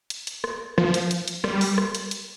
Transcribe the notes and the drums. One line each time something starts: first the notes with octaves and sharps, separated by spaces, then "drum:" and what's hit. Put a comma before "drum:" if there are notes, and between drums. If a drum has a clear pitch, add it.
drum: hi-hat
drum: hi-hat
drum: rim click
F3, drum: rim click
drum: hi-hat
drum: hi-hat
drum: hi-hat
G3, drum: rim click
drum: open hi-hat
drum: rim click
drum: hi-hat
drum: hi-hat